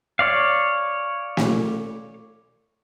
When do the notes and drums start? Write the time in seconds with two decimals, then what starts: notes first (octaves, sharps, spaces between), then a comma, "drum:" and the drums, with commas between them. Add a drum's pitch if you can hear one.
0.19 C#5 D5 F5
1.37 drum: snare